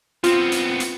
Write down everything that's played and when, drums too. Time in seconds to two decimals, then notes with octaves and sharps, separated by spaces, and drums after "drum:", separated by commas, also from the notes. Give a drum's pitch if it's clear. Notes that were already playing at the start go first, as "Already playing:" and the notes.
0.24 B3 C4 F4, drum: hi-hat
0.52 drum: hi-hat
0.80 drum: hi-hat